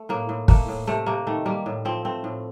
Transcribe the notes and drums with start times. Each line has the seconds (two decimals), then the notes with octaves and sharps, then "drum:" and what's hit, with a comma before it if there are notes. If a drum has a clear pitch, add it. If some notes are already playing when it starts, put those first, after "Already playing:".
Already playing: A3
0.09 A2 A#3
0.29 A2
0.48 A3 A#3, drum: kick
0.68 A2
0.87 C3 A3
1.06 C3 A#3
1.27 D#3 A3
1.46 G3 A#3
1.66 A2
1.85 F3 C4
2.05 A3 C4
2.24 A2